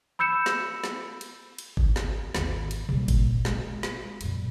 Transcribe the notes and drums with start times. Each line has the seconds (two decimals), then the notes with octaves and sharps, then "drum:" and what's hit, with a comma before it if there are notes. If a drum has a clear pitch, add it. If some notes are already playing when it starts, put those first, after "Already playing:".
0.19 B5 E6 G6 C#7 E7
0.46 drum: snare
0.84 drum: snare
1.21 drum: cymbal
1.58 drum: cymbal
1.77 drum: kick G1
1.96 drum: snare
2.35 G#1 D#2, drum: snare
2.71 drum: cymbal
2.89 C2 A#2, drum: tom B2
3.08 drum: kick G1, cymbal
3.45 G#3, drum: snare
3.83 drum: snare
4.21 F#2 A#2, drum: cymbal